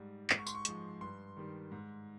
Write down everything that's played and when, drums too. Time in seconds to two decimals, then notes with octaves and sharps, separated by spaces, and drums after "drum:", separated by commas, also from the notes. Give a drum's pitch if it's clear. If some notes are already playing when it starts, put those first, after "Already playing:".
Already playing: G#2 G3
0.30 G#2, drum: clap
0.38 C#6
0.47 C6, drum: tambourine
0.55 C#6
0.65 F3 G#3, drum: hi-hat
1.01 G2 C6
1.37 D#3 G3
1.72 G#2